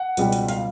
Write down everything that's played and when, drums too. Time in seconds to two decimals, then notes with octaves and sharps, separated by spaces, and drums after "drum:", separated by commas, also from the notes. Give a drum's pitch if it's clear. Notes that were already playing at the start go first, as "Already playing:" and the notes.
Already playing: F#5
0.17 C#2 B2 G3, drum: hi-hat
0.32 drum: hi-hat
0.48 F5, drum: hi-hat